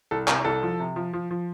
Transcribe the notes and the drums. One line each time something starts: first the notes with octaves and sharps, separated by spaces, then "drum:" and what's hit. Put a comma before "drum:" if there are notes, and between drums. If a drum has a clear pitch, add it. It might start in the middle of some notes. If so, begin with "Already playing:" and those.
C2 A4
C3 A#4, drum: clap
C2 A4
F3
C3
F3
F3
F3